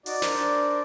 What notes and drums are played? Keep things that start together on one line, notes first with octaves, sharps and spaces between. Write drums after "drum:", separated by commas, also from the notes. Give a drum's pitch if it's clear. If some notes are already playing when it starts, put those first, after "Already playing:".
D#4 F#4 D5, drum: open hi-hat
D4 A#4 C5, drum: snare